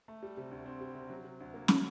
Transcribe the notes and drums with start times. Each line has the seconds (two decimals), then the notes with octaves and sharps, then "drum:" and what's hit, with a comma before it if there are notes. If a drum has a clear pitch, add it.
0.08 A3
0.23 G3
0.37 C3
0.51 D2
0.66 C4
0.81 G3
0.95 C3
1.10 F#3
1.24 C3
1.40 D2
1.54 A#3
1.68 F#3, drum: snare